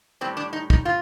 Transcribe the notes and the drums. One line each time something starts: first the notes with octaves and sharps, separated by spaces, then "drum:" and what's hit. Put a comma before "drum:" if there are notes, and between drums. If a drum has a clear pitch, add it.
A2 G3 C4
D4
D#4
D#4, drum: kick
F4